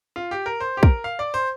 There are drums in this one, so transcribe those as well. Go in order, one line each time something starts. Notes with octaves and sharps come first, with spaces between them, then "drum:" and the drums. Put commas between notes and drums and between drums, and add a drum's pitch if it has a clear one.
F4
G4
A#4
C5
G4
A#4, drum: kick
F5
D5
C5